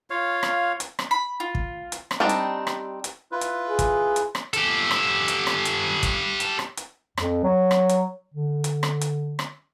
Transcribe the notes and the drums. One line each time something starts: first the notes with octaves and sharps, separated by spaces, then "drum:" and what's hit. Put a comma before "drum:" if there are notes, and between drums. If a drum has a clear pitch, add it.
F4 C#5 F5
drum: rim click
drum: hi-hat
drum: rim click
B5
F4
drum: kick
drum: hi-hat
drum: rim click
G3 C4 D4 D#4
drum: hi-hat
drum: rim click
drum: hi-hat
E4 F4 B4
drum: hi-hat
G#4
drum: kick, hi-hat
drum: hi-hat
drum: rim click
G4 A4, drum: hi-hat
drum: rim click
drum: hi-hat
drum: rim click
drum: hi-hat
drum: kick, hi-hat
drum: hi-hat
drum: rim click
drum: hi-hat
F2, drum: rim click
F#3
drum: rim click
drum: hi-hat
D3
drum: hi-hat
drum: rim click
drum: hi-hat
drum: rim click